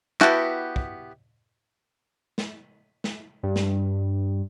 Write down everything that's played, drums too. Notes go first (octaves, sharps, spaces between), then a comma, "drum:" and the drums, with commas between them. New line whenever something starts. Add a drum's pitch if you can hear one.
B3 E4 F#4 G4 A5, drum: clap
drum: kick
drum: snare
drum: snare
G2
drum: snare